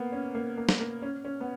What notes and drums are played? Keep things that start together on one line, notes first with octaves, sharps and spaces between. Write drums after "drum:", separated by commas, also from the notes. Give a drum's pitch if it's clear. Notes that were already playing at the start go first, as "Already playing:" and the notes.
Already playing: A#3 B3
C#4
A#3
A#3
drum: snare
A#3
C#4
C#4
B3